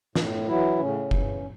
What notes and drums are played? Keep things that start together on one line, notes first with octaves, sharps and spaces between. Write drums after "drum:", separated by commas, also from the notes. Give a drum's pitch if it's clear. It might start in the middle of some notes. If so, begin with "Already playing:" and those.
A2, drum: snare
E3 F#3 E4
A2 C#3 C#4
E3, drum: kick F1